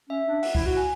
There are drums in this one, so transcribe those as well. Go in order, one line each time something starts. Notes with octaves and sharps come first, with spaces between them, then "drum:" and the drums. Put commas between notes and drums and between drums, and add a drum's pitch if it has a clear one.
C#4 E5
D4
F#5, drum: open hi-hat
E4, drum: kick C2
F#4 F#5
G#5